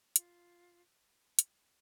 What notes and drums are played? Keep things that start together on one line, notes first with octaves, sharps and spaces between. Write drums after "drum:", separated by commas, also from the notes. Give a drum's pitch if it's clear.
F4, drum: hi-hat
drum: hi-hat